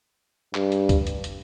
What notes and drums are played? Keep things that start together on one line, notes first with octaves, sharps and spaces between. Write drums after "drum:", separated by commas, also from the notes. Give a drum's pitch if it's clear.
G2, drum: clap
drum: hi-hat
drum: kick, hi-hat
drum: hi-hat
drum: hi-hat